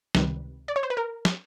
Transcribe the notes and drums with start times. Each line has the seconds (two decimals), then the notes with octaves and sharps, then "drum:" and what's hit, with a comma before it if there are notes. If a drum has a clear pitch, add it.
0.15 C#2 C3 D#3 G3 B4, drum: snare
0.68 D5
0.76 C#5
0.83 C5
0.90 B4
0.97 A#4
1.25 drum: snare